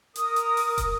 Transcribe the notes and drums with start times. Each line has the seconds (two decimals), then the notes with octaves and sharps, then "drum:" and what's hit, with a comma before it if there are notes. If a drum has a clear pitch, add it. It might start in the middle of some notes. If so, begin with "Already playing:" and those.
0.15 A#4 D#6, drum: hi-hat
0.36 drum: hi-hat
0.57 drum: open hi-hat
0.78 drum: kick, hi-hat